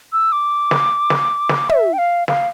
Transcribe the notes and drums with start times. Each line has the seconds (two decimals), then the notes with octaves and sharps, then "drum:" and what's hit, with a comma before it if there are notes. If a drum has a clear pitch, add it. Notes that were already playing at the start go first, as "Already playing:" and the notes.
0.13 E6
0.32 D6
0.71 drum: snare
1.10 drum: snare
1.49 drum: snare
1.69 E5, drum: tom
1.93 G5
1.98 F5
2.28 F5, drum: snare